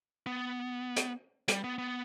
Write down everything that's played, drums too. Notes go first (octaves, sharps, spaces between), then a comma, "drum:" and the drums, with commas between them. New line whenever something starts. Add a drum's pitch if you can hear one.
B3
drum: hi-hat
G3, drum: hi-hat
B3
B3